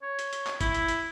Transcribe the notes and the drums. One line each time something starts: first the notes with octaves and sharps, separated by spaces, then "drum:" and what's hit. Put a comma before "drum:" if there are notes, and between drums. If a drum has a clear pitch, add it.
C#5
drum: hi-hat
drum: hi-hat
drum: clap
E4, drum: kick, hi-hat
drum: hi-hat
drum: hi-hat